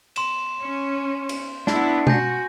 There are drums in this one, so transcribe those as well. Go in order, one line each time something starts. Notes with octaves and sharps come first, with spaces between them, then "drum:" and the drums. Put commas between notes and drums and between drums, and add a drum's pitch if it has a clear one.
C6 E7, drum: cymbal
C#4
drum: cymbal
B3 D4 E4, drum: snare
F#4 G#5 G6 A#6, drum: tom B2